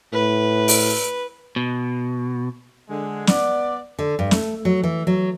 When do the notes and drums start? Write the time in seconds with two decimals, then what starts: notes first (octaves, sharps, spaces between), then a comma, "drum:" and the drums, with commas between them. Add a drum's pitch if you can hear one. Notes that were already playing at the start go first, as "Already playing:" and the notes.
0.13 A2 B4
0.68 drum: open hi-hat
1.56 B2
2.89 D3 G#3
3.27 B3 D5, drum: snare
3.99 D3
4.19 G2
4.31 A3, drum: snare
4.65 F#3
4.83 E3
5.07 F#3